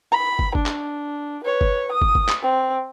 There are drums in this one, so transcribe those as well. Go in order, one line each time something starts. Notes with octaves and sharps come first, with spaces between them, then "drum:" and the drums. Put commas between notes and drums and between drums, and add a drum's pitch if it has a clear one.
B5
drum: kick
D4, drum: kick
drum: clap
B4 C#5
drum: kick
D#6
drum: kick
drum: kick
drum: clap
C4